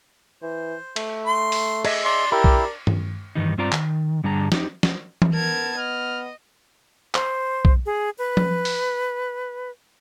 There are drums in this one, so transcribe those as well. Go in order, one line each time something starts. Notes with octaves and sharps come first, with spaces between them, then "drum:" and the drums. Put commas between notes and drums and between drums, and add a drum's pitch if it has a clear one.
E3 C5
A3, drum: cymbal
C6
drum: open hi-hat
G#4 D#5 E5, drum: cymbal
D4 C6
E4 G4 A#4
drum: kick B1
drum: tom G2
G2 D#3 E3 G3 D#4
G2 C4 F4 D5 A#5
D#3, drum: clap
G2 D3 G3 G#4 A5 A#5
D#4 G4, drum: snare
drum: snare
drum: tom E3
B3 A#4 A5 G#6
D#5 F6
C5, drum: clap
drum: kick B1
G#4
B4
drum: tom F3
drum: open hi-hat